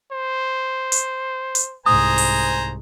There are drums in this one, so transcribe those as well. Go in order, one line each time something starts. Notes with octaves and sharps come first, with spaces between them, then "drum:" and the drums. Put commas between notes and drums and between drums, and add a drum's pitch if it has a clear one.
C5
drum: hi-hat
drum: hi-hat
C2 G#2 C5 G#5 A#5 D#6
drum: open hi-hat